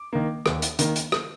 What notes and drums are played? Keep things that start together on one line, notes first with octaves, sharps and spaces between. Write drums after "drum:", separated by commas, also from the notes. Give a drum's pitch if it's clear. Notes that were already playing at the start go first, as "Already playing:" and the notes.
Already playing: D6
D#3 A#3
D#2, drum: rim click
drum: hi-hat
D#3 A#3, drum: hi-hat
drum: hi-hat
D#6, drum: rim click